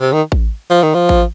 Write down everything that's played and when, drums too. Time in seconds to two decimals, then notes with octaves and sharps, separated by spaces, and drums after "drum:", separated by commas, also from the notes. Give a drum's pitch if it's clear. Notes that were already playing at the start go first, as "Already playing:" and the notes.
0.01 C3
0.13 D#3
0.32 drum: kick A1
0.71 F3
0.83 D#3
0.94 F3
1.09 drum: kick A1